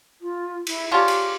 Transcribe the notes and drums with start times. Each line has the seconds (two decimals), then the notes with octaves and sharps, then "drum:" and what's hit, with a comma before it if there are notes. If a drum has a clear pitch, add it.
0.21 F4
0.67 E4, drum: cymbal
0.91 C#4 D4 F4 G4
1.08 drum: cymbal